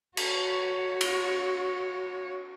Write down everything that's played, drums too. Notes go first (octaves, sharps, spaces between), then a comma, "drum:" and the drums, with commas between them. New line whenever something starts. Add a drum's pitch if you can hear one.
F#4 C#5, drum: cymbal
drum: cymbal